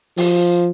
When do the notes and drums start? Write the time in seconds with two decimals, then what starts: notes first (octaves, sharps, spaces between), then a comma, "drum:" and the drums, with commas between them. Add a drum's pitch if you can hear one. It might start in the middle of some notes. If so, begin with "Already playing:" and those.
0.17 F3, drum: open hi-hat